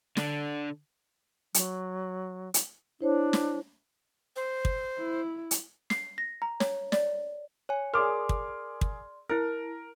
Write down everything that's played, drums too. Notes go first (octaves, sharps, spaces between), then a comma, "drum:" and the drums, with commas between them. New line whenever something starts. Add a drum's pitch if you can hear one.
D3 D4, drum: snare
F#3, drum: hi-hat
drum: hi-hat
D4 E4 C5 C#5
drum: snare
C5
drum: kick
E4
drum: hi-hat
C7, drum: snare
A#6
A#5
C#5, drum: snare
D5, drum: snare
C#5 G#5
G#4 A#4 D5 C6 D6 F6
drum: kick
drum: kick
E4 A#4 F6